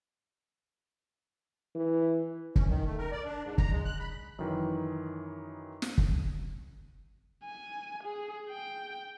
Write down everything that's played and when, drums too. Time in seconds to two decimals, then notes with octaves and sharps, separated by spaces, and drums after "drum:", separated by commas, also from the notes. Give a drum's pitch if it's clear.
1.75 E3
2.56 C#4, drum: kick
2.68 D#3
2.85 A3
2.98 A#4
3.12 D5
3.25 D4
3.44 G#2
3.58 A#5, drum: kick
3.71 G#3
3.85 F#6
3.99 B5
4.39 F#2 D#3 E3
5.82 drum: snare
5.98 drum: kick
7.45 G#5
8.04 G#4
8.50 G5